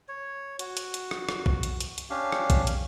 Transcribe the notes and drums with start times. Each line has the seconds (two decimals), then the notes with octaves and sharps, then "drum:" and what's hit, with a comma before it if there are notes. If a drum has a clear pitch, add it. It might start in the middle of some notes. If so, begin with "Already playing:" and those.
0.08 C#5
0.59 F#4, drum: hi-hat
0.77 drum: hi-hat
0.94 drum: hi-hat
1.11 drum: rim click
1.29 drum: rim click
1.46 drum: kick
1.63 drum: hi-hat
1.81 drum: hi-hat
1.98 drum: hi-hat
2.10 C#4 D4 G4 F5
2.32 drum: rim click
2.50 drum: kick, hi-hat
2.67 drum: hi-hat